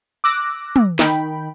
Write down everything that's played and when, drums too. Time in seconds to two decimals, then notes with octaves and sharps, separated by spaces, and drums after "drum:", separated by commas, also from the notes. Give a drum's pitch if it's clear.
0.24 D6 E6 F#6 A#6
0.76 drum: tom
0.99 D#3 G5 B5, drum: snare